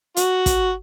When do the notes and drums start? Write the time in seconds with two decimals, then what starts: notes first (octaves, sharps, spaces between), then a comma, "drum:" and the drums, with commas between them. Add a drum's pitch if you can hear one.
0.17 F#4, drum: hi-hat
0.46 drum: kick, hi-hat